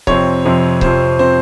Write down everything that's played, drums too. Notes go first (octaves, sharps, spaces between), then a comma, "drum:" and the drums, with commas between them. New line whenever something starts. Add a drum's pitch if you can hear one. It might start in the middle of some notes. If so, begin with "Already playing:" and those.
F2 C3 F3 C4 C#5, drum: kick C#1
F2 C3 F3 C4
F2 C3 F3 C4 C5, drum: kick C#1
C3 F3 C4 C5